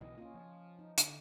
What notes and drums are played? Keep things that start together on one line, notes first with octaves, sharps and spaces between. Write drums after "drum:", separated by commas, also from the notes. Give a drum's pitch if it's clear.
B1 E3 D#5
A#3 C#4 F4
F3
D#4
D3, drum: hi-hat